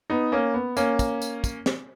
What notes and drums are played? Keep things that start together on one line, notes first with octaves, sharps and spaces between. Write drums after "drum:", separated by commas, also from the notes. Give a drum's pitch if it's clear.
B3 D#4
A#3 C#4
B3
A#3 C#4, drum: tambourine
drum: kick, tambourine
drum: tambourine
drum: kick, tambourine
drum: snare